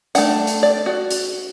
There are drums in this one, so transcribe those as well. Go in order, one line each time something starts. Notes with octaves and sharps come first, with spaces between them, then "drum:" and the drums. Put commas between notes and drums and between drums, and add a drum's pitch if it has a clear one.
A3 D4 F#5, drum: hi-hat
drum: hi-hat
D5
F#4
drum: hi-hat